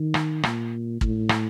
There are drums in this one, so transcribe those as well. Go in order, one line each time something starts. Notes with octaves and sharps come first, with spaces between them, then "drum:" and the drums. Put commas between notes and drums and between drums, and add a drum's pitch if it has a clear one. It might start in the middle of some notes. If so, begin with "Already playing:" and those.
Already playing: D#3
drum: rim click
A#2, drum: rim click
A2, drum: kick
drum: rim click